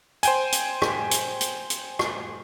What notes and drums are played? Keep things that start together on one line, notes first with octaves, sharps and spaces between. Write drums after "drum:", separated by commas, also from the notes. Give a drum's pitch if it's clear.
C5 G5 G#5, drum: hi-hat
drum: hi-hat
drum: rim click
drum: hi-hat
drum: hi-hat
drum: hi-hat
drum: rim click